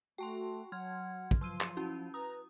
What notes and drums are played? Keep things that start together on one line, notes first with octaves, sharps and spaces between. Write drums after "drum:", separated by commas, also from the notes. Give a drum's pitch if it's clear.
A3 F#4 G5 A5 C6
F#3 F#5 C6 F6 G#6
drum: kick
F3 F#3 C6 E6 D#7
drum: clap
C#4 E4 F#4
B4 A#5 D#6